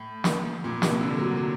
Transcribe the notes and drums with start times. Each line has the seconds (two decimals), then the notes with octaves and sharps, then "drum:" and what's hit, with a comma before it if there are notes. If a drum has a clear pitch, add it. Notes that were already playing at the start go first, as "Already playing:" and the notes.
Already playing: A2
0.24 drum: snare
0.64 A#2
0.82 C3, drum: snare
1.01 D3
1.18 F#3
1.36 F#3